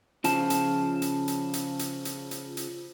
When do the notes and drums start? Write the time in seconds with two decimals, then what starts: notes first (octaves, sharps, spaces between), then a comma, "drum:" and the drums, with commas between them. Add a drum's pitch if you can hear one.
0.24 C#3 F3 A5, drum: hi-hat
0.50 drum: hi-hat
1.02 drum: hi-hat
1.28 drum: hi-hat
1.53 drum: hi-hat
1.79 drum: hi-hat
2.05 drum: hi-hat
2.31 drum: hi-hat
2.57 drum: hi-hat